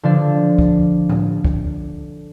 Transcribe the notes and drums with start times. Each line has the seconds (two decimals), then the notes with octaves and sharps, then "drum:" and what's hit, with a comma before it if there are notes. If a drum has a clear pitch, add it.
0.03 D3 F3 D4
0.59 drum: kick
1.09 drum: tom A2
1.44 drum: kick